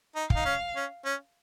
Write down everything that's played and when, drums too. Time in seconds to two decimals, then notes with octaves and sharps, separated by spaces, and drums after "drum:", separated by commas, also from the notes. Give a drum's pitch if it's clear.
0.15 D#4
0.30 F5, drum: kick
0.36 D#4
0.45 C#4
0.76 C#4
1.05 C#4